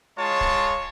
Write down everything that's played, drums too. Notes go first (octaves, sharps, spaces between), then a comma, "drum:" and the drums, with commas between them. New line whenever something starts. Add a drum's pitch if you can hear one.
G#3 F4 C#5 A5
drum: kick